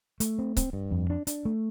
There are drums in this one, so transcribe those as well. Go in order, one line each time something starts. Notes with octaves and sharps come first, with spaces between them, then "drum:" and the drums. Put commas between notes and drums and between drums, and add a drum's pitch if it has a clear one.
A3, drum: hi-hat
C4
C4, drum: kick C#1, hi-hat
G2
F2
D4
D4, drum: hi-hat
A3